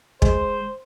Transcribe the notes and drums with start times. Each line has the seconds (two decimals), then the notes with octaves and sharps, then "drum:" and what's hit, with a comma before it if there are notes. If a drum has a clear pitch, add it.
0.22 G#3 C5, drum: kick